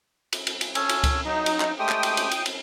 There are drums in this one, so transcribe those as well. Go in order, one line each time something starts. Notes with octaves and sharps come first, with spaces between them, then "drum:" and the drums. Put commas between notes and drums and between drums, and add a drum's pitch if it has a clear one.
drum: cymbal
drum: cymbal
drum: cymbal
C#4 A4 G#5, drum: cymbal
drum: cymbal
drum: kick C#2, cymbal
F#3 D#4 D#5 A#5
drum: cymbal
drum: clap
G#3 A3 G4 G5 D#6
drum: clap
drum: cymbal
drum: cymbal
drum: cymbal
drum: cymbal